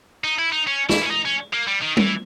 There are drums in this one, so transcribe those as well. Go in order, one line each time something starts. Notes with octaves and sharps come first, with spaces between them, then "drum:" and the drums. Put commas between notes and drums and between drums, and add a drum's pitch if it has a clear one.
D#4
E4
D#4
C#4
E4, drum: snare
C#4
D#4
C#4
A#3
G3
D#3
E3, drum: tom G3